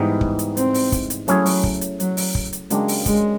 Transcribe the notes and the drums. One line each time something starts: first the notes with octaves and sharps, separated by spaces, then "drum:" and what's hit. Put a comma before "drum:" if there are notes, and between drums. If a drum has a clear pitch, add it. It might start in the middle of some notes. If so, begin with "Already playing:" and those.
Already playing: G#2 E3 G3 B3 D#4
drum: kick
drum: hi-hat
C4, drum: hi-hat
drum: open hi-hat
drum: kick, hi-hat
drum: hi-hat
F#3 A3 C#4 E4 G#4, drum: hi-hat
drum: open hi-hat
drum: kick
drum: hi-hat
F#3, drum: hi-hat
drum: open hi-hat
drum: kick
drum: hi-hat
C#3 F#3 G#3 A#3 D4 G4, drum: hi-hat
drum: open hi-hat
G#3, drum: kick, hi-hat